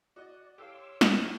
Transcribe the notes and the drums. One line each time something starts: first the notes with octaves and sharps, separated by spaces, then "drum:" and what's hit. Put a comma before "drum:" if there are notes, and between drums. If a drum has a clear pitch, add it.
F#4 D5 D#5
G4 A4 C#5 F5 C6 D6 E6
D#2 F#3 G3 A3 F#4 G5, drum: snare